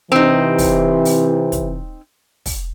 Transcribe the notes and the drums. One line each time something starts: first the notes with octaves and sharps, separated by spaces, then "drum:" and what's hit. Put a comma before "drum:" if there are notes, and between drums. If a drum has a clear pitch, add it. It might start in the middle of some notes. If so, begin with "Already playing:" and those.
C3 E3 C4 D#4
drum: kick, open hi-hat
drum: open hi-hat
drum: kick, hi-hat
drum: kick, open hi-hat